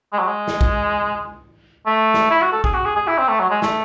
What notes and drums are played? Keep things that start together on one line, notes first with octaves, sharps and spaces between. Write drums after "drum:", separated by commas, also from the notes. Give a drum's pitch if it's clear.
G#3
F#3
G#3
drum: snare
drum: kick
A3
drum: snare
E4
F#4
A4
G#4, drum: kick
F#4
G#4
G#4
E4
C4
A3
F#3
G#3
A3, drum: snare